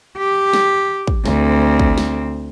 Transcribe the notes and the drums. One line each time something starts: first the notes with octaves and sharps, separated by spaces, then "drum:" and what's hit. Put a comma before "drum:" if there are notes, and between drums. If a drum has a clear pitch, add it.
G4
drum: snare
drum: kick
D2 C4, drum: snare
drum: kick
drum: snare